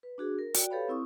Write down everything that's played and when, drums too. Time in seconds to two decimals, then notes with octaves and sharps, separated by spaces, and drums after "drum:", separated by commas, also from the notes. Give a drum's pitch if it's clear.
0.03 B4
0.18 D4 F#4 G#4
0.39 A#4
0.54 F#4 D5 G5, drum: hi-hat
0.71 G4 A4 B4 C#5 F5 B5
0.88 C4 E4 C#6 D#6